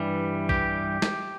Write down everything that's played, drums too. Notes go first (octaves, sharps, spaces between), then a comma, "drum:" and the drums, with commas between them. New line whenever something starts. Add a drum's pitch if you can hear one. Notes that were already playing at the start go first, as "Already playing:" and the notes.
Already playing: G2 E3 G3
G4, drum: kick
drum: snare